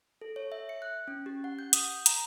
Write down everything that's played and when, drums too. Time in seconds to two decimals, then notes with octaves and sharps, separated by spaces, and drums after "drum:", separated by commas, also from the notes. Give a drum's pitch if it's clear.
0.21 A4
0.36 C#5
0.52 E5
0.69 C#7
0.82 F#6
1.08 C#4
1.26 G4
1.44 F#5
1.59 G6
1.73 D#6, drum: hi-hat
2.06 A#5, drum: hi-hat